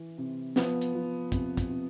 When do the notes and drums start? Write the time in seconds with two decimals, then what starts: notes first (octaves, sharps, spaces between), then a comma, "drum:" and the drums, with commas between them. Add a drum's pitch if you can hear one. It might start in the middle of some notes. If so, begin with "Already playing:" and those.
Already playing: E3
0.18 C3
0.56 F3 B3, drum: snare
0.81 drum: hi-hat
0.95 F3
1.32 C3, drum: kick, hi-hat
1.57 drum: kick, hi-hat
1.70 C3